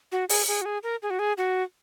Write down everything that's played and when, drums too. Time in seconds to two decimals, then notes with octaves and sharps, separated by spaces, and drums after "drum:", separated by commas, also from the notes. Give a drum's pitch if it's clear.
0.12 F#4
0.29 G#4, drum: open hi-hat
0.48 G#4
0.62 F#4
0.66 G#4
0.83 A#4
1.03 G#4
1.10 F#4
1.19 G#4
1.38 F#4